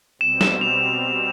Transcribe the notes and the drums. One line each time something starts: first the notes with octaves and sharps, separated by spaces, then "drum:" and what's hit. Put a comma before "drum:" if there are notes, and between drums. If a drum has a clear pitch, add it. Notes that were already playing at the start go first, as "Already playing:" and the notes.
B2 G3 C4 E7
E7, drum: snare
F7